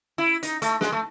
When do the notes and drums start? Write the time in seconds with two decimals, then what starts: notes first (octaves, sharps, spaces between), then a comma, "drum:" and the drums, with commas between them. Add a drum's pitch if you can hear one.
0.18 E4
0.43 D#4, drum: hi-hat
0.62 A3, drum: hi-hat
0.81 G#3, drum: snare
0.92 A3